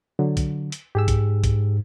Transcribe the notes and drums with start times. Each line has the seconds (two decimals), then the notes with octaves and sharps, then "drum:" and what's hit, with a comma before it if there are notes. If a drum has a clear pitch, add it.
0.19 D3 F#3
0.37 drum: kick, hi-hat
0.72 drum: hi-hat
0.95 G#2 G4 G#4 E6
1.08 drum: kick, hi-hat
1.44 drum: kick, hi-hat